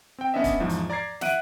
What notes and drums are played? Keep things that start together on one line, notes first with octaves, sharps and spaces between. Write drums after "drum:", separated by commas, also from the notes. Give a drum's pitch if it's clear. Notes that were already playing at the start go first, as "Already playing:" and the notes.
C4 G5
B3 C#4 D4 D#5 E5
drum: kick, hi-hat
E2 G#2 F3
drum: hi-hat
D5 A#5 D6 G#6 C7
E5 F#5 F#6 D7 D#7, drum: snare